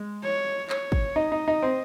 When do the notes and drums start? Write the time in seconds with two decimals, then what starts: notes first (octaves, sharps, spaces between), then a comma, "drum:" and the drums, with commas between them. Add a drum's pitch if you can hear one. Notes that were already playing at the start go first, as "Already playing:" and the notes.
Already playing: G#3
0.23 C#5
0.70 C#5, drum: clap
0.92 drum: kick
1.16 D#4 D#5
1.32 D#4
1.48 D#4
1.63 C4